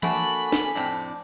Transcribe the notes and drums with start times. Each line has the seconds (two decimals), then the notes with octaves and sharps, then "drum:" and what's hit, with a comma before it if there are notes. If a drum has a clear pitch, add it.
0.03 A3 A#3 D4 F#4 G#5 B5, drum: tom E3
0.52 drum: snare
0.75 F2 A2 C4 D4